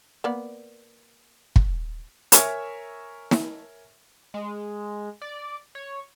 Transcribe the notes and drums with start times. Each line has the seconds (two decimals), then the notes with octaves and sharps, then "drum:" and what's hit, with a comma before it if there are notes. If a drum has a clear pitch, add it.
0.24 A#3 B3 D5
1.56 drum: kick
2.32 A#4 C#5 E5 G#5 C#6, drum: hi-hat
3.31 drum: snare
4.34 G#3
5.22 D5
5.75 C#5